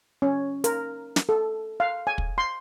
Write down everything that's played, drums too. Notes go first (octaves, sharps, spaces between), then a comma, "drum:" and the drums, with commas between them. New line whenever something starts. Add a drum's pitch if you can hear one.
C#4
A#4, drum: hi-hat
drum: snare
A4
F5
G#5
drum: kick
C6